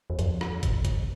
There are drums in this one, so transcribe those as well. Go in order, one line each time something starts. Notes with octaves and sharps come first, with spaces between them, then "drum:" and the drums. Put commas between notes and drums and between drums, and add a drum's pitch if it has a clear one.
E2
F2, drum: hi-hat
drum: rim click
drum: kick, hi-hat
drum: kick, hi-hat